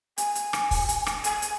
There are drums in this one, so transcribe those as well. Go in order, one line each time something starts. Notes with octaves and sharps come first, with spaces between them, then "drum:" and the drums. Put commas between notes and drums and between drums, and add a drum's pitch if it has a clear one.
G#5, drum: hi-hat
drum: hi-hat
drum: rim click
drum: kick, open hi-hat
drum: hi-hat
drum: rim click
G#5, drum: hi-hat
drum: hi-hat